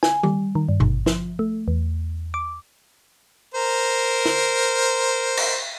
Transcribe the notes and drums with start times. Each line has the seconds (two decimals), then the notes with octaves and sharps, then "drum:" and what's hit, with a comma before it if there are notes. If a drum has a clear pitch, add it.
0.03 G#5, drum: snare
0.23 G3, drum: tom D#3
0.55 D#3
0.69 G2
0.80 G#1, drum: tom B2
1.06 F3, drum: snare
1.39 A3
1.68 E2
2.34 D6
3.54 A#4 C5
4.25 drum: snare
5.37 drum: cymbal